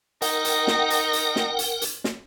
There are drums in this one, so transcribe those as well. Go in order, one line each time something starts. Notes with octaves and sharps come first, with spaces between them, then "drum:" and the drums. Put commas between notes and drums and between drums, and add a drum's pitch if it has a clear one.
D#4 A#4 F#5 G5, drum: hi-hat
drum: hi-hat
drum: snare
drum: hi-hat
drum: hi-hat
drum: snare
drum: hi-hat
drum: hi-hat
drum: snare